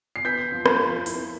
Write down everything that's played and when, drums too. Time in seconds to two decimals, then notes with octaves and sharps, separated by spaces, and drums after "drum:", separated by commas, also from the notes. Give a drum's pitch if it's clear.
0.16 C7
0.24 B3 G6 B6
0.52 F3
0.66 drum: rim click
0.79 F3
1.06 E4, drum: open hi-hat